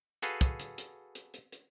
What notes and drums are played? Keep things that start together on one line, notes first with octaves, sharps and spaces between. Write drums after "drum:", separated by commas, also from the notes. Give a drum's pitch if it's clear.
F#4 G#4 A4 B4 F5, drum: hi-hat
drum: kick, hi-hat
drum: hi-hat
drum: hi-hat
drum: hi-hat
drum: hi-hat
drum: hi-hat